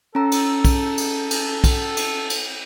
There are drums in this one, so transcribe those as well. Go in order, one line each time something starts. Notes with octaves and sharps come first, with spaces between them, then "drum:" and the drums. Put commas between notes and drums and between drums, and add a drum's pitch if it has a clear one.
C#4 A4 A#5 E6
drum: cymbal
drum: kick, cymbal
drum: cymbal
drum: cymbal
drum: kick, cymbal
drum: cymbal
drum: cymbal